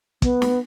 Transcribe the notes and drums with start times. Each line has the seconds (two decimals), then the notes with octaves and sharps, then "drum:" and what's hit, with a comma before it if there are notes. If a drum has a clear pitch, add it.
0.22 B3, drum: kick, hi-hat
0.42 drum: snare